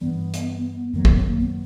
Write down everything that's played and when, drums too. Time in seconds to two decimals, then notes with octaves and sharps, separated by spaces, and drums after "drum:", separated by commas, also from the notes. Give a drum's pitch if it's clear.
0.01 G2 E3 G3 B3
0.33 drum: hi-hat
0.93 F#2 D#3 F#3 A#3
1.05 B3, drum: kick
1.17 A#3
1.39 B3